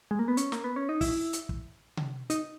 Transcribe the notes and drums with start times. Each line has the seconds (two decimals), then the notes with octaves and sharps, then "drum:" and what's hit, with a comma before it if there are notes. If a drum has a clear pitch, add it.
0.11 G#3
0.19 A#3
0.28 B3
0.37 C#4, drum: hi-hat
0.52 A#3, drum: snare
0.64 B3
0.76 C#4
0.89 D#4
1.01 E4, drum: kick, open hi-hat
1.33 drum: hi-hat
1.49 drum: kick
1.97 drum: tom C3
2.30 D#4, drum: hi-hat